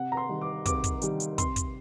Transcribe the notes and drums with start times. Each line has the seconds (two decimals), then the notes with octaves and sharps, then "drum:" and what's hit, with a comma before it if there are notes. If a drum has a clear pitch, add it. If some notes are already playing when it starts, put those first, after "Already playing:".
Already playing: C3 F#5
0.12 A#5
0.17 C6
0.29 D#3 G3
0.41 D6
0.66 C3 D6, drum: kick, hi-hat
0.84 drum: kick, hi-hat
1.02 D#3 G3, drum: hi-hat
1.20 drum: hi-hat
1.38 C3 C6, drum: kick, hi-hat
1.56 drum: kick, hi-hat